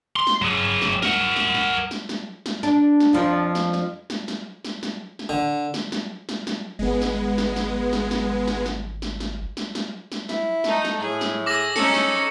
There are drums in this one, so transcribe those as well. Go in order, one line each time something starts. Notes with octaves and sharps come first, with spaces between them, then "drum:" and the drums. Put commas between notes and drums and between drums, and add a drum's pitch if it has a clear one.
C6
drum: snare
F#3 G#4
drum: snare
A#4 F#5, drum: snare
drum: snare
drum: snare
drum: snare
drum: snare
drum: snare
D4, drum: snare
drum: snare
F2 F3 D4
drum: snare
drum: snare
drum: snare
drum: snare
drum: snare
drum: snare
drum: snare
D3
drum: snare
drum: snare
drum: snare
drum: snare
G#1 G#3 B3
drum: snare
drum: snare
drum: snare
drum: snare
drum: snare
drum: snare
drum: snare
drum: snare
drum: snare
drum: snare
drum: snare
drum: snare
E4, drum: snare
A3 D#4, drum: snare
drum: snare
A2 G#4
drum: snare
G#4 D6 E6 A#6
C#4 D#4 A4 C#7, drum: snare
drum: snare